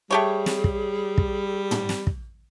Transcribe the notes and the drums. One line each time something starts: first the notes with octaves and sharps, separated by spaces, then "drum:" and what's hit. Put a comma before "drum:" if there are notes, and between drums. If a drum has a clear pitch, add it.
G3 A3 G4 G#4 C#5
drum: snare
drum: kick
drum: kick
drum: tom
drum: snare
drum: kick